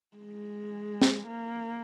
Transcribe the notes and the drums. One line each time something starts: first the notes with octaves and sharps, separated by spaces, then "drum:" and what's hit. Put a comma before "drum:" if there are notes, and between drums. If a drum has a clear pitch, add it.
G#3
drum: snare
A#3